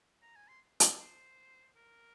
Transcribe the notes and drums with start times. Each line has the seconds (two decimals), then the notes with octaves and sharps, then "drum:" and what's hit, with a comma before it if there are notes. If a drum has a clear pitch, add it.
0.22 A#5
0.36 G#5
0.48 C6
0.80 drum: hi-hat
0.99 C5
1.76 A#4